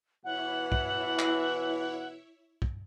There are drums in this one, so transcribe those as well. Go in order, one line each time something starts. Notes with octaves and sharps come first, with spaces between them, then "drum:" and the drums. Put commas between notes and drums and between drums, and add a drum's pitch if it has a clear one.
B2 E3 E4 C#5 E5 F#5
drum: kick
drum: clap
drum: kick